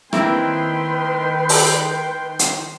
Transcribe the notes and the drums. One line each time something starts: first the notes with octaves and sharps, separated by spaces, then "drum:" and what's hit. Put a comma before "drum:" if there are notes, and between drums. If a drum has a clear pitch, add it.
D#3 A#3 C4 E4 B4 G5 C6, drum: rim click
drum: open hi-hat
drum: hi-hat